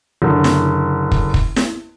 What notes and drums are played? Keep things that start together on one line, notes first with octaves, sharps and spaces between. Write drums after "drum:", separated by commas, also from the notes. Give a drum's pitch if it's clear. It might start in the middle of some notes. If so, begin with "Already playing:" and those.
F#1 D3
drum: snare
drum: kick
drum: kick
drum: snare